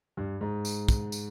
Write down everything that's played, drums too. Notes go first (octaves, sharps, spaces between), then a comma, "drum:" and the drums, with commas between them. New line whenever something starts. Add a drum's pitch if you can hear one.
G2
G#2
drum: tambourine
drum: kick, tambourine
drum: tambourine